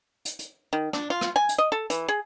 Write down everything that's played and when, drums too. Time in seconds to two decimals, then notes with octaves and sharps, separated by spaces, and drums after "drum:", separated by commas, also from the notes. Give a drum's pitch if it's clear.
0.25 drum: hi-hat
0.39 drum: hi-hat
0.73 D#3
0.93 D4, drum: rim click
1.10 F4
1.21 drum: rim click
1.36 G#5
1.49 drum: hi-hat
1.58 D#5
1.72 A4
1.90 E3, drum: hi-hat
2.08 G#4